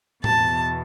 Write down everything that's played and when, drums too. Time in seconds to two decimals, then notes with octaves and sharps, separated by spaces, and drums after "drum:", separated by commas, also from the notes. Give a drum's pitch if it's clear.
0.24 E2 B2 A5, drum: tom A2